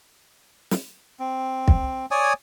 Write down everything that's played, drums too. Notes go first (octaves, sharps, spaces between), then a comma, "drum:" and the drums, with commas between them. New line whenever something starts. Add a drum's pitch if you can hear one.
drum: snare
C4
drum: kick
C#5 D5 G#5 D#6